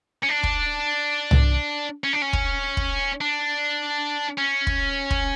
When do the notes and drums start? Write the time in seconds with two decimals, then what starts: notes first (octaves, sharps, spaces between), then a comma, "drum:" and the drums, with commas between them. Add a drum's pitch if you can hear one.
0.23 C#4
0.28 D4
0.43 drum: kick
1.31 drum: tom C2
2.04 C#4
2.13 D4
2.22 C#4
2.33 drum: kick
2.77 drum: kick
3.21 D4
4.38 C#4
4.67 drum: kick
5.10 drum: kick